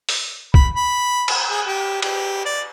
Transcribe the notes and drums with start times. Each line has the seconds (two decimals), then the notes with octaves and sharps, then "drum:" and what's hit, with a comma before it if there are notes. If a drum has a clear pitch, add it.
0.09 drum: open hi-hat
0.54 B5, drum: kick C2
0.76 B5
1.28 drum: cymbal
1.50 G#4
1.67 G4
2.02 G4, drum: cymbal
2.45 D5